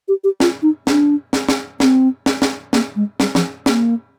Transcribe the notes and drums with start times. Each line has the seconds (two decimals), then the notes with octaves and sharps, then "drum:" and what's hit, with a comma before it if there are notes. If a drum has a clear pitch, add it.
0.08 G4
0.24 G4
0.40 F4, drum: snare
0.62 D#4
0.87 D4, drum: snare
1.33 drum: snare
1.49 drum: snare
1.80 C4, drum: snare
2.26 drum: snare
2.42 drum: snare
2.73 A#3, drum: snare
2.96 G#3
3.20 G3, drum: snare
3.35 F3, drum: snare
3.66 A#3, drum: snare